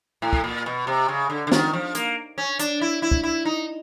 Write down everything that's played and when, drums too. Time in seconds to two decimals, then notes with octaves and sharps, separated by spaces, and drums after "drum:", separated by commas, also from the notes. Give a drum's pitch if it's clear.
0.22 A2
0.33 drum: kick
0.44 A#2
0.66 B2
0.87 C3
1.08 C#3
1.30 D3
1.47 D3
1.52 D#3, drum: snare
1.73 F3
1.95 A#3, drum: hi-hat
2.38 C#4
2.59 D4, drum: hi-hat
2.81 E4
3.02 E4
3.11 drum: kick
3.23 E4
3.45 D#4